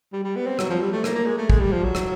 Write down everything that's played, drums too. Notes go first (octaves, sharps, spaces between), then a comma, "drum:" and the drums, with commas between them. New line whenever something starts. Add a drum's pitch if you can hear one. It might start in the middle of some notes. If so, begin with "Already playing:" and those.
G3
G3
B3
C4
F#3, drum: rim click
F3
G3
A3
A#3, drum: rim click
A#3
G#3
A3
G#3, drum: kick
G3
F3
F#3
drum: rim click